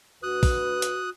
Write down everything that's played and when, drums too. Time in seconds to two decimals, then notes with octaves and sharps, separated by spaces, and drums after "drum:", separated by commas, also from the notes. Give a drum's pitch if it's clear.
0.23 D2 F#4 B4 D#6 F#6
0.43 drum: kick, open hi-hat
0.82 drum: hi-hat